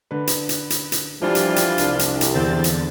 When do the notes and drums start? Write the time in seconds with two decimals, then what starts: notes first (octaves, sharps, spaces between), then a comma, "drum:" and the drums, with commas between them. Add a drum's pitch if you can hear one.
0.11 D3 B4
0.27 drum: hi-hat
0.49 drum: hi-hat
0.70 drum: hi-hat
0.92 drum: hi-hat
1.22 E3 F3 G3 A3 D4 F4
1.35 drum: hi-hat
1.56 drum: hi-hat
1.78 C2 D4, drum: hi-hat
1.99 drum: hi-hat
2.21 drum: hi-hat
2.33 E2 D3 C4 A6
2.64 drum: hi-hat